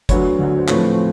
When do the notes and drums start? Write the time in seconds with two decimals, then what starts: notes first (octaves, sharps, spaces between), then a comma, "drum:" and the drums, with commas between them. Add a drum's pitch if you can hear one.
0.09 D2 D3 F#3 B4 C#5, drum: kick, hi-hat
0.39 D2 D3 F#3
0.58 C5
0.68 A2 F3 A3 C4 B4 C#5, drum: clap